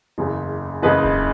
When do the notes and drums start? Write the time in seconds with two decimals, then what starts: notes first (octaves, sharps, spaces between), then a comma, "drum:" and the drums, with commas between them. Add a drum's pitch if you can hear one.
0.18 F#1 E2 C#3
0.82 F#1 E2 C#3 B4 D#5
1.04 drum: kick D1